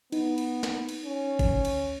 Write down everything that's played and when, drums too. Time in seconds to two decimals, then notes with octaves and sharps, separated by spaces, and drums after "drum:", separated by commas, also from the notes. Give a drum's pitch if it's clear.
0.12 B3 D#4, drum: cymbal
0.38 drum: cymbal
0.63 drum: snare
0.89 drum: cymbal
1.05 C#4
1.39 drum: kick G#1, cymbal
1.48 D2
1.65 drum: cymbal